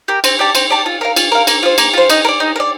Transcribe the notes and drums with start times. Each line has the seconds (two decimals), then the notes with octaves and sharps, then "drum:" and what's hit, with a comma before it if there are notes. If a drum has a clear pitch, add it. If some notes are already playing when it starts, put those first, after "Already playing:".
0.08 G4 A#4
0.24 C4, drum: cymbal
0.39 G4 D5 A5
0.55 C4, drum: cymbal
0.70 G4 D5 A5
0.86 F4
1.01 A#4 F5
1.16 F4, drum: cymbal
1.32 A#4 F5
1.47 A#3, drum: cymbal
1.63 F4 C5
1.78 A#3, drum: cymbal
1.93 F4 C5
2.10 D#4, drum: cymbal
2.25 A#4
2.28 D5
2.40 D#4
2.56 A#4
2.60 D5